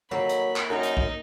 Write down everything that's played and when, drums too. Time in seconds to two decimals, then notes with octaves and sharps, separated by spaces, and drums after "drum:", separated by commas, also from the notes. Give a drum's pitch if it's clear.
0.11 D#3 F#3 A#3 A4 B5
0.29 drum: hi-hat
0.56 drum: clap
0.70 F#2 D#4 D#5 G5 G#5
0.83 drum: hi-hat
0.97 drum: kick